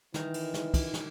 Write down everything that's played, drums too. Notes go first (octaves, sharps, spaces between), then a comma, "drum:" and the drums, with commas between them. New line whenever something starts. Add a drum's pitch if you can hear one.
D#3 E3, drum: snare
drum: cymbal
drum: snare
drum: kick, cymbal
drum: snare